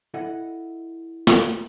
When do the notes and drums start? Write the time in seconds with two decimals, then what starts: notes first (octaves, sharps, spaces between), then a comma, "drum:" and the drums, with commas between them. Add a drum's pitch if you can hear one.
0.14 E4 A4 D#5 F#5
1.27 drum: snare